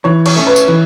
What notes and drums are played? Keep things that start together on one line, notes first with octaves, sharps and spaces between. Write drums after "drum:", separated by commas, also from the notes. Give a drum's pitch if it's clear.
E3 C#5
C#5, drum: cymbal
A3 C#4
B4
drum: tambourine
E3